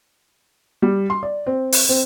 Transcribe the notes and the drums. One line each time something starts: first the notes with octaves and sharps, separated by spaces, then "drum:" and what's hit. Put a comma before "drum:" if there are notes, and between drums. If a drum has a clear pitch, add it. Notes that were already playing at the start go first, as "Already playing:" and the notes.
G3
C6
D5
C4
drum: open hi-hat
C4